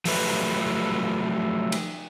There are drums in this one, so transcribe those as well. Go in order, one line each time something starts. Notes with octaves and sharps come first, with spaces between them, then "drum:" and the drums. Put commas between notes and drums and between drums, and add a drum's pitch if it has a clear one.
F3 F#3 A3 G4 B4, drum: open hi-hat
drum: cymbal